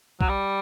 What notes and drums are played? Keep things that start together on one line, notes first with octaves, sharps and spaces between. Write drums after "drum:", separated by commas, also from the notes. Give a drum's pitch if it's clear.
F#3, drum: kick
G3